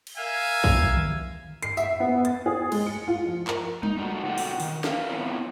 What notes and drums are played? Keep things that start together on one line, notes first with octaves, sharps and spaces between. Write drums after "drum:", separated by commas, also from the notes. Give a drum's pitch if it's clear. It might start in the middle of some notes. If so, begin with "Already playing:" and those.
drum: cymbal
A#4 E5 F5 G#5
drum: kick A#1
drum: tom D3
C7, drum: hi-hat
E5, drum: tambourine
B3
A6, drum: hi-hat
G#4
G#3, drum: cymbal
C#7
F4
F3
A#4, drum: clap
D#4, drum: tom G3
A3 D4 D#4 F4 F#4
B2 D3 F4 F#4 F#5 G5
drum: open hi-hat
D#3, drum: open hi-hat
A#4 B4 E5 F5, drum: snare
B3 C4 E4 F4 C#5